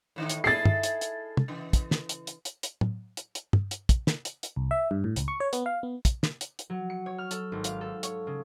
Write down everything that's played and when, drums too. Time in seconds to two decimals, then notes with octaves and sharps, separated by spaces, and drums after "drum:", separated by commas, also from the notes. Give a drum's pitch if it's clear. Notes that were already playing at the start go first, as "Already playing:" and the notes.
0.16 A2 D#3 D#4
0.29 drum: hi-hat
0.44 E4 G#4 A4 A6 C7
0.65 drum: tom
0.83 drum: hi-hat
1.01 drum: hi-hat
1.37 drum: tom
1.48 C#3 E3
1.73 drum: kick, hi-hat
1.91 drum: snare
2.09 drum: hi-hat
2.27 drum: hi-hat
2.45 drum: hi-hat
2.63 drum: hi-hat
2.81 drum: tom A2
3.17 drum: hi-hat
3.35 drum: hi-hat
3.53 drum: tom
3.71 drum: hi-hat
3.89 drum: kick, hi-hat
4.07 drum: snare
4.25 drum: hi-hat
4.43 drum: hi-hat
4.56 C2
4.71 E5
4.91 G2
5.04 A2
5.16 C#2, drum: hi-hat
5.28 C#6
5.40 C#5
5.53 B3, drum: hi-hat
5.66 F5
5.83 B3
6.05 drum: kick, hi-hat
6.23 drum: snare
6.41 drum: hi-hat
6.59 drum: hi-hat
6.70 F#3
6.90 C#7
7.06 C#5
7.18 F6
7.31 A4, drum: hi-hat
7.52 G#1
7.64 F5, drum: hi-hat
7.81 A4
8.03 C#5, drum: hi-hat
8.27 C#3